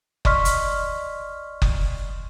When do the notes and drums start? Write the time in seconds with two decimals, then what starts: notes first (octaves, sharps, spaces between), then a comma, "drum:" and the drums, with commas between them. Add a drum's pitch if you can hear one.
0.25 D5 D#5 C6 C#6 F6 B6, drum: kick F#1
0.45 drum: hi-hat
1.62 drum: kick F#1